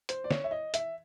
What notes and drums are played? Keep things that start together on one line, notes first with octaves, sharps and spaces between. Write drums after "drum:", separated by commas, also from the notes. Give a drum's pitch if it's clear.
C5, drum: hi-hat
D5
C#5, drum: snare
E5
D#5
E5, drum: hi-hat